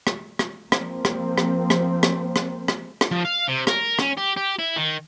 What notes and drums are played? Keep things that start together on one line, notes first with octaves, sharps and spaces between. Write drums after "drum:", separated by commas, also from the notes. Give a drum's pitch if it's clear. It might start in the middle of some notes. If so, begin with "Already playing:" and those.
drum: rim click
drum: rim click
F3 A#3 C4, drum: rim click
drum: rim click
drum: rim click
drum: rim click
drum: rim click
drum: rim click
drum: rim click
drum: rim click
F3
F5
C3
A#4, drum: rim click
C#4, drum: rim click
G4
G4
E4
D#3